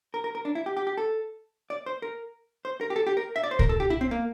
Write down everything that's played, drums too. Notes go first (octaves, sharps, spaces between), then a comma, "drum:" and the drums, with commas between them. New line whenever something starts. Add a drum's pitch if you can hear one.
A#4
A#4
A#4
D4
E4
G4
G4
G4
A4
D5
C5
A#4
C5
A#4
G4
A4
G4
A#4
E5
D5
C5
A#4, drum: kick C2
A4
G4
E4
C4
A#3